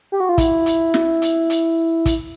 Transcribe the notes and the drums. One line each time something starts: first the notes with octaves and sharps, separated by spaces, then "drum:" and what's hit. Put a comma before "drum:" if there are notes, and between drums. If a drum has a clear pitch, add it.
G4
F#4
F4
E4, drum: kick, hi-hat
drum: hi-hat
drum: snare
drum: hi-hat
drum: hi-hat
drum: kick, hi-hat